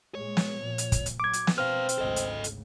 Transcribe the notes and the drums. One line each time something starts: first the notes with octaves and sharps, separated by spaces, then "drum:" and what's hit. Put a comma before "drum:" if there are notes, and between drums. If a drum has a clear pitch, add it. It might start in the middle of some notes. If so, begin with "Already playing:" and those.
A#2 G#3 C#5
drum: snare
A#2 F3
drum: hi-hat
drum: kick, hi-hat
drum: hi-hat
F#3 D6 G#6
drum: hi-hat
drum: snare
B2 C4 B4 F5 F6
drum: hi-hat
G#1 D2 C#3 A4 D#5
drum: hi-hat
drum: hi-hat